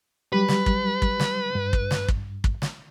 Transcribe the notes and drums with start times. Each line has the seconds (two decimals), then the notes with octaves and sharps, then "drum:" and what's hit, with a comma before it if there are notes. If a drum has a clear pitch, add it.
0.33 F#3 G3 G4 B4
0.49 drum: snare
0.66 drum: kick
1.02 drum: kick
1.20 drum: snare
1.55 G2
1.73 drum: kick
1.91 drum: snare
2.08 drum: kick
2.44 drum: kick
2.62 drum: snare